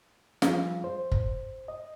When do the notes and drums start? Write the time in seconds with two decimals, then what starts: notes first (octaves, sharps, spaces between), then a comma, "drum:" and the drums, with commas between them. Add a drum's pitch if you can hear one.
0.42 F3 G3 F4 G#4 F5, drum: snare
0.84 C5
1.12 drum: kick
1.68 D#5